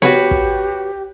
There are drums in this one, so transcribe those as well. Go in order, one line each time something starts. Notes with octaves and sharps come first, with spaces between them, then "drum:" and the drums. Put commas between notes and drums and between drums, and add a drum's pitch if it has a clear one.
F#4 G4 B4 C#5, drum: snare B3
drum: kick